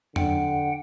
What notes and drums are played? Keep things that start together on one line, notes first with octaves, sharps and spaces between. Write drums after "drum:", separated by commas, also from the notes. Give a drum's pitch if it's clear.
D3 F#5 G5, drum: tom E2